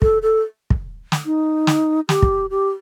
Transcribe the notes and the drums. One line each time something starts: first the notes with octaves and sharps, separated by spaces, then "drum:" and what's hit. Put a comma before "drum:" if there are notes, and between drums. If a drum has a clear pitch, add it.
A4, drum: kick
A4
drum: kick
drum: snare
D#4
drum: snare
G4, drum: snare
drum: kick
G4